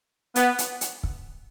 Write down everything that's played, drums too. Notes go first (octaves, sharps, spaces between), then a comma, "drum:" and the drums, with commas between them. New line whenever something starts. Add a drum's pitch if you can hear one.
B3, drum: hi-hat
drum: hi-hat
drum: hi-hat
drum: kick